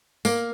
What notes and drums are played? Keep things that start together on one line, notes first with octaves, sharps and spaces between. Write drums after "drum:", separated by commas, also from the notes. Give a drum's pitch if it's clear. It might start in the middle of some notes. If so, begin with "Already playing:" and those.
A#3, drum: tambourine